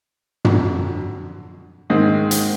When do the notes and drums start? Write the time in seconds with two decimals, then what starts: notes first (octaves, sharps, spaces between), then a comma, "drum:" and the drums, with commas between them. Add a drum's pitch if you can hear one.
0.45 F2 D3 F#3, drum: tom
1.90 G#2 D#3 G#3 C4
2.31 drum: hi-hat